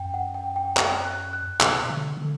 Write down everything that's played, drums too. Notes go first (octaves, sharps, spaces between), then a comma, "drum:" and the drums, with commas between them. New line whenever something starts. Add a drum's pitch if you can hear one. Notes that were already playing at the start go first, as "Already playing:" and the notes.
Already playing: F#2 G5
F#5
G5
G5
G5, drum: clap
F#6
F#6
B2 F#6, drum: clap
D3
D3